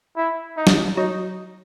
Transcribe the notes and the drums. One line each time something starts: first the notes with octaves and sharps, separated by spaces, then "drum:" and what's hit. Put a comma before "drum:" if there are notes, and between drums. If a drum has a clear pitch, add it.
E4
D#4
drum: snare
F#3 D#4